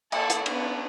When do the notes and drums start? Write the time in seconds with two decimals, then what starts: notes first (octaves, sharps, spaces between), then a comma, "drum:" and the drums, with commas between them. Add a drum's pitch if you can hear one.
0.12 A#3 A4, drum: cymbal
0.30 drum: hi-hat
0.46 B3 D4, drum: cymbal